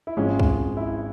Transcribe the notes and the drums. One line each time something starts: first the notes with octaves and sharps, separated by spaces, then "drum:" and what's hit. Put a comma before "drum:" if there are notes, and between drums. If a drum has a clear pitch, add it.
E4
G#1 G#2 F3 G#3 C#4
drum: kick
E4